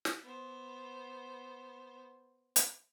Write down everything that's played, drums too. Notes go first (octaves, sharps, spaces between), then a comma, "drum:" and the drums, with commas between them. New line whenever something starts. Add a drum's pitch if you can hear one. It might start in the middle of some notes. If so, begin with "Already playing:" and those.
drum: snare
B3 C5
drum: hi-hat